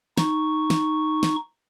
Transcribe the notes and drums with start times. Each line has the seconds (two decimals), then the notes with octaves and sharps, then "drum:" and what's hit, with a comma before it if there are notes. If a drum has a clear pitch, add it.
0.18 D#4 C#6, drum: snare
0.70 drum: snare
1.23 drum: snare